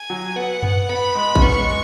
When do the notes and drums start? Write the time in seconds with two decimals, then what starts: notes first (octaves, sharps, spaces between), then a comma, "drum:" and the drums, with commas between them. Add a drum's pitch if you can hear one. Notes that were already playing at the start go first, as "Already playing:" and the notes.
Already playing: G#5
0.10 F#3
0.36 B3 F#5
0.63 B3, drum: tom F#2
0.89 B3 B5
1.15 G#3
1.35 C#4, drum: kick A1
1.41 B3 C#6
1.59 G#3